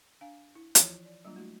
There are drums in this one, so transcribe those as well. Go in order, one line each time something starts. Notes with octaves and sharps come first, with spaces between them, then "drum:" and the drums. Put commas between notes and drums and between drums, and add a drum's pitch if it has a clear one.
D4 F5 G#5
E4
E3 F3 E4 F4 C#5, drum: hi-hat
D5
F#3 G3 A#3 D4 F4
A3 E4 F#4